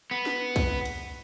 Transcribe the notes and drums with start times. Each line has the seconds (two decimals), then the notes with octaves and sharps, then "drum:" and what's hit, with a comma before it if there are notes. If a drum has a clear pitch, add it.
0.11 B3
0.26 drum: snare
0.56 drum: kick B1, cymbal
0.85 drum: cymbal